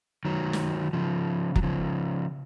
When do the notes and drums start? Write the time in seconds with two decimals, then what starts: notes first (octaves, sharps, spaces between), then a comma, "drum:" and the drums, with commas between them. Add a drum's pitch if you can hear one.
0.25 D#3 F#3
0.53 drum: snare
0.93 C#3 F3
1.56 F#3, drum: kick F1
1.63 C#3 F3